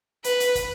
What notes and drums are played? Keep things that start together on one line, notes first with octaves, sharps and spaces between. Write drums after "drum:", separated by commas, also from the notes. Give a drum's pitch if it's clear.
B4, drum: hi-hat
drum: hi-hat
drum: kick, hi-hat